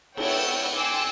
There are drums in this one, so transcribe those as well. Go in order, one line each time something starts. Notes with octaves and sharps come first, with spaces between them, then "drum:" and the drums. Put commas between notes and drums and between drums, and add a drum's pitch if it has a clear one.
B3 E4 C#5 F#5 G5 E6, drum: cymbal
G5 G#5 C6 D6 E6